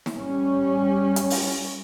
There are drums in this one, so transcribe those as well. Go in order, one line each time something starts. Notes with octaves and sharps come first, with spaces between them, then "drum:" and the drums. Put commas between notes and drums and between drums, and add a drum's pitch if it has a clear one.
drum: snare
G3 C#4
drum: hi-hat
drum: open hi-hat